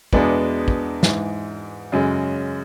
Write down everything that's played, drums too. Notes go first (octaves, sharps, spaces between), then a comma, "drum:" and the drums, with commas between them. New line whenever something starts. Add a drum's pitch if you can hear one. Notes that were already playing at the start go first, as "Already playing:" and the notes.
E2 B2 G#3 B3 D4, drum: kick
drum: kick
G#2 E3 G#3, drum: snare
F#2 C#3 G#3